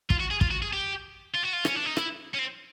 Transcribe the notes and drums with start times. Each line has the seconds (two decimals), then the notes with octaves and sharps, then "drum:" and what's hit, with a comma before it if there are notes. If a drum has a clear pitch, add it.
0.10 F4, drum: kick
0.20 F#4
0.31 G#4
0.41 F4, drum: kick
0.51 F#4
0.62 G#4
0.73 G4
1.35 F4
1.44 F#4
1.54 F4
1.65 C#4, drum: rim click
1.76 D4
1.86 D#4
1.97 E4, drum: rim click
2.34 C#4
2.38 C4